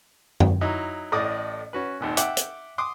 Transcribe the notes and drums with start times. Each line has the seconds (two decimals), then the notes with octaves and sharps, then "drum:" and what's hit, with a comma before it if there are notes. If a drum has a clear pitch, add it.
0.40 drum: tom F#2
0.61 F#3 D#4 E4
1.12 A1 A2 D5 D#5 D6 D#6
1.73 C#4 F#4 B4
2.00 G#1 D#2 A#2
2.17 E5 F#5 G5 D6, drum: hi-hat
2.37 drum: hi-hat
2.78 C6 D6 D#6